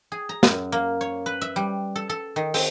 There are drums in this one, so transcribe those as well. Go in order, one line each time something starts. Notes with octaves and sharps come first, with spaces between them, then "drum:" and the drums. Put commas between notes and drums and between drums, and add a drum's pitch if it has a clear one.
G#4
A#5
F#2, drum: snare
A#3
C#5
B4
E5
G3
A4
A4
D#3
C4, drum: open hi-hat